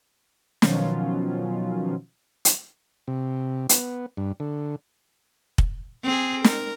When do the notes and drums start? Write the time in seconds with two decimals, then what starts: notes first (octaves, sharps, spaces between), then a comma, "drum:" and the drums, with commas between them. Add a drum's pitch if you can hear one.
0.62 B2 D#3 F3 F#3 C#4 F4, drum: snare
2.45 drum: hi-hat
3.08 C3
3.69 B3, drum: hi-hat
4.17 G2
4.40 D3
5.58 drum: kick
6.04 C4 G#4
6.44 A#4, drum: snare